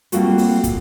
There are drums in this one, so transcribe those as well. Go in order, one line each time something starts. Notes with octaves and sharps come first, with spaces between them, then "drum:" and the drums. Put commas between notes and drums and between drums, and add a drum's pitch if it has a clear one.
G3 A#3 C4 F4 F#4 A4, drum: hi-hat
drum: open hi-hat
drum: kick, hi-hat